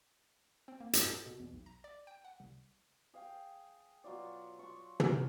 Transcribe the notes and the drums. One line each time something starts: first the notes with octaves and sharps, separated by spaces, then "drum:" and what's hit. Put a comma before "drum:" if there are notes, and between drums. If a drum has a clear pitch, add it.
C4
A#3
D#5, drum: hi-hat
A4
B2
E2
B1
A#5
D5
G5
F#5
C2
G#4 F5 G5
B2 F#3 F4 D5
C6 C#6
A#4 F#5, drum: tom